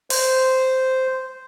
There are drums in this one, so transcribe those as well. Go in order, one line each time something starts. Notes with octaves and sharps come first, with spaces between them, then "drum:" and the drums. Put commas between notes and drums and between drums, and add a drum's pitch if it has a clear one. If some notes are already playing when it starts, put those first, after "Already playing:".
C5, drum: open hi-hat